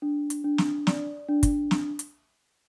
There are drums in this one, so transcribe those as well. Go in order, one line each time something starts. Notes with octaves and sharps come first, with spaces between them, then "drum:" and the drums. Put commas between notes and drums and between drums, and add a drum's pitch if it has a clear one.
D4
drum: hi-hat
D4
drum: snare
D5, drum: snare
D4
drum: kick, hi-hat
drum: snare
drum: hi-hat